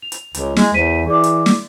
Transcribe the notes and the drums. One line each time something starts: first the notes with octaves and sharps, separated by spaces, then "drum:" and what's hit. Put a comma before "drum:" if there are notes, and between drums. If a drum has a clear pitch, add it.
F7
drum: hi-hat
C#2, drum: hi-hat
G#3, drum: snare
E2 C5 B6 D#7
E3 G#4 D5 D6
drum: hi-hat
drum: snare